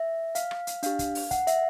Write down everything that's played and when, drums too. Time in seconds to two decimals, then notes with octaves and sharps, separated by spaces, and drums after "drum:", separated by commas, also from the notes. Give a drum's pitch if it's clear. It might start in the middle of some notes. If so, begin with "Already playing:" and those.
Already playing: E5
0.35 F5, drum: hi-hat
0.51 drum: rim click
0.67 drum: hi-hat
0.83 D4 G4 F5, drum: hi-hat
0.99 drum: kick, hi-hat
1.15 drum: open hi-hat
1.31 F#5, drum: kick, hi-hat
1.47 E5, drum: hi-hat